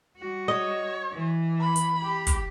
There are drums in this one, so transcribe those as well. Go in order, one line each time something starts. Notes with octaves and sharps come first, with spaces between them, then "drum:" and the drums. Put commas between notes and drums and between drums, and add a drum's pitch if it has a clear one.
G3 F#4
C#5 D#5
E3
B5
drum: hi-hat
G4
drum: kick, hi-hat